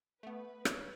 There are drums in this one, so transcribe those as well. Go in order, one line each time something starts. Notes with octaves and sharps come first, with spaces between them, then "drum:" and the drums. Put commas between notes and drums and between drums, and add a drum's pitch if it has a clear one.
A3 B3 B4
C#5, drum: rim click